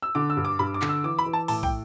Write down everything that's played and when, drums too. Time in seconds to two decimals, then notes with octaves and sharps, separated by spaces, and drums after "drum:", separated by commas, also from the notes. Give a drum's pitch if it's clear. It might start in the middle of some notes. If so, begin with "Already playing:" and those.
0.02 E6
0.15 D3 D6
0.30 E6
0.37 G2
0.45 D6
0.59 G2 B5
0.74 D6
0.82 D3, drum: clap
0.89 E6
1.04 E3 D6
1.18 B5
1.26 E3
1.33 A5
1.48 A2 A5, drum: open hi-hat
1.63 G5, drum: kick